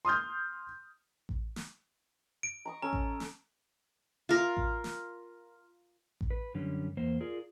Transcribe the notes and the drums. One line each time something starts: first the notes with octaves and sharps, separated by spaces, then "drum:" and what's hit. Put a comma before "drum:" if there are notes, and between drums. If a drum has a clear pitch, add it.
C6 D#6 F6 G6
drum: kick A1
drum: snare
D7
A#5 C#6 D#6
C#4 A4 A#5
drum: kick A1
drum: snare
F4 A#4
drum: kick A1
drum: snare
drum: kick A1
B4
F#2 D3 G3 C#4
E2 A#3 C5
F4 G#4 A#4 D5